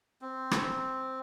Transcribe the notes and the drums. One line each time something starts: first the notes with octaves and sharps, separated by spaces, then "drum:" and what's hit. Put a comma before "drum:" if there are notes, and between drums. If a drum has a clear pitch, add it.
C4
drum: rim click